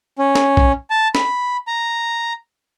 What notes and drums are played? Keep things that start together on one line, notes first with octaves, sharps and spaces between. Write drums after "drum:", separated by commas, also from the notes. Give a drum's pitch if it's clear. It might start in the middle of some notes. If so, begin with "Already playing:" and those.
C#4
drum: snare
drum: kick
A5
B5, drum: snare
A#5